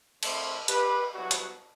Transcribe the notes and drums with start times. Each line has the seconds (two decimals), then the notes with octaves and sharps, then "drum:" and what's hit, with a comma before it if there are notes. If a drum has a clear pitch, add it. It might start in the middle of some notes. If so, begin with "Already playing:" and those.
0.23 D3 A3 C4 E4 C5 E5, drum: cymbal
0.68 G4 B4, drum: hi-hat
1.14 G2 F#3 B3 E4 F#4
1.31 drum: hi-hat